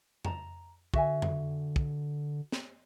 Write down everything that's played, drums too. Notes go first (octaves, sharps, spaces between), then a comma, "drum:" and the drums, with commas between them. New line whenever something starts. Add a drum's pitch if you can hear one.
A5 A#5, drum: tom F2
D3 F#4 E5 G#5, drum: kick
drum: tom F2
drum: kick
drum: snare